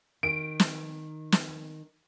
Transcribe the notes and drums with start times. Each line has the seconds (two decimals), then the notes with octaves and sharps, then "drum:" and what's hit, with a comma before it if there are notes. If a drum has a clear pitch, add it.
0.23 D#3 D7
0.60 drum: snare
1.32 drum: snare